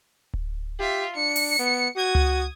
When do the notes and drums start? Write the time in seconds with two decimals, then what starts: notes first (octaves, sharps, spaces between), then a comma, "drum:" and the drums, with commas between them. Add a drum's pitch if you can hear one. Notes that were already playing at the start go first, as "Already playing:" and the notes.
0.34 drum: kick D1
0.79 F4 G4 E5
1.16 D4 C#7
1.36 drum: open hi-hat
1.59 B3
1.96 F#4 D#6 G#6
2.15 drum: tom C#2